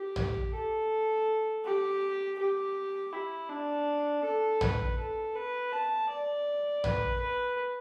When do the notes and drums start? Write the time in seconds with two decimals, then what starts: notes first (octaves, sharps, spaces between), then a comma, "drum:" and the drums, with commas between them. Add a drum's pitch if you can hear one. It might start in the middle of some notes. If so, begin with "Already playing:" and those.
Already playing: G4
0.16 drum: tom A#1
0.54 A4
1.65 G4
2.39 G4
3.13 E4
3.49 D4
4.23 A4
4.61 B4, drum: tom A#1
4.98 A4
5.35 B4
5.72 A5
6.09 D5
6.84 B4, drum: tom A#1
7.20 B4